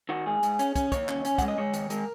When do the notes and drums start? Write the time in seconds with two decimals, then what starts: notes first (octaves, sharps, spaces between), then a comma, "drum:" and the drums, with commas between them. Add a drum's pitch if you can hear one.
0.09 D#3 F#4
0.26 G#2 G#4
0.43 G#2, drum: hi-hat
0.59 C#4, drum: hi-hat
0.76 C#4, drum: kick, hi-hat
0.92 D#2 C#5, drum: kick, hi-hat
1.09 C#4, drum: clap
1.25 C#4, drum: hi-hat
1.38 G#3 F#5, drum: kick, hi-hat
1.48 D#5
1.58 G#3 C#5
1.74 D#3, drum: hi-hat
1.90 G#3 A#4, drum: hi-hat